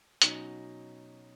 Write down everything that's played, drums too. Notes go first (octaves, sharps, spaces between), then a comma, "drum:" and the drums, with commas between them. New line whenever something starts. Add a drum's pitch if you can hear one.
B2 F#3 C#4 D#4, drum: hi-hat